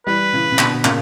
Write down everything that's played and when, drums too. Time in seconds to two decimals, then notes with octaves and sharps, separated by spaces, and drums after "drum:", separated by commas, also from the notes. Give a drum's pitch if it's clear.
0.06 E3 G3 B4
0.33 C#3 E3
0.52 C#3
0.59 B2 D3, drum: clap
0.74 B2
0.85 A#2 C#3, drum: clap